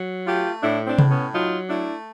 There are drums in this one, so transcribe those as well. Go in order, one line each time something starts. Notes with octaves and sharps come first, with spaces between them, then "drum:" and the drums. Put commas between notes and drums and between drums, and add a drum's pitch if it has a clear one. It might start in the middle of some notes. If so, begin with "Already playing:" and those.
Already playing: F#3
A3 F4 G4
A2 D4 E4
C4 D4
A2, drum: tom C3
B3 C#4
F#3 D#4 F4
A3 D4 E4